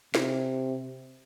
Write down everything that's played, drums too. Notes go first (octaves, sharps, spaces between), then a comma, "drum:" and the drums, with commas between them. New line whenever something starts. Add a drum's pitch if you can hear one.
C3, drum: snare